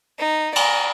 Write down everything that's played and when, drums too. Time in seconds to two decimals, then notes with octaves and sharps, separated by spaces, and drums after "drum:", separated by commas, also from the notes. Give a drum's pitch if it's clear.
0.19 D#4
0.56 D5 A#5, drum: cymbal